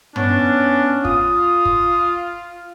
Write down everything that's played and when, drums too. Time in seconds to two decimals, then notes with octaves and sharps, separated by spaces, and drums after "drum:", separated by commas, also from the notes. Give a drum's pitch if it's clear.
0.16 B3 C#4 D4, drum: tom
1.05 F4 D#6, drum: kick
1.65 drum: kick